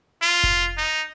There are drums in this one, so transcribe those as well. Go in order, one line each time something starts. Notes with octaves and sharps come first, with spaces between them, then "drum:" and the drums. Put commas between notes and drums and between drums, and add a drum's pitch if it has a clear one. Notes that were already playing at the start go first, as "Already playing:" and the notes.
F4
drum: kick F1
D#4